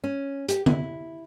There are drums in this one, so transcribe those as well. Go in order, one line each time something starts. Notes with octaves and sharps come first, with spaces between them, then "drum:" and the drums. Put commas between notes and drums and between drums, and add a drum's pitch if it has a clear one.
C#4
G4, drum: hi-hat
E4, drum: tom D3